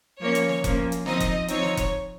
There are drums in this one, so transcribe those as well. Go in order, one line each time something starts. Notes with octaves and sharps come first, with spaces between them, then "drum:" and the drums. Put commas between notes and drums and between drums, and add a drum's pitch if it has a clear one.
F3 A#3 C#4 C#5
drum: hi-hat
drum: snare
F3 A#3 C#4, drum: kick F1, hi-hat
drum: hi-hat
F3 C4 D#4 D#5, drum: snare
drum: kick F1, hi-hat
F3 C4 D#4 C#5, drum: hi-hat
drum: snare
drum: kick F1, hi-hat